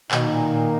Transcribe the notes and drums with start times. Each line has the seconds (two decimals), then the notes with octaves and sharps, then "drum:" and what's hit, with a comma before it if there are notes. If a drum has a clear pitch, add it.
0.11 B2 D#3 A#3 D#4, drum: clap
0.32 A#2
0.53 A#2